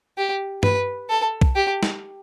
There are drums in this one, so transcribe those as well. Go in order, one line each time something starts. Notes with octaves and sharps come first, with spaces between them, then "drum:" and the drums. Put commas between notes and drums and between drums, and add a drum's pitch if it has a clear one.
G4
B4, drum: tom G2
A4
drum: kick B1
G4
drum: snare